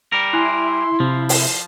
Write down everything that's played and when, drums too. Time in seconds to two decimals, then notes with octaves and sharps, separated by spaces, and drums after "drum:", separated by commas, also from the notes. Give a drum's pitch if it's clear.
0.12 G3 A#4
0.33 E4 G#5 C6 F#6
1.00 C3 F3
1.29 drum: open hi-hat